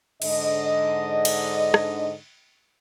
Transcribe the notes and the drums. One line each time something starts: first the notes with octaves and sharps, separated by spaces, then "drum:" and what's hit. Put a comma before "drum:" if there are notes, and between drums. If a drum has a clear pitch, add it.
G#2 D3 D#5, drum: cymbal
drum: cymbal
drum: rim click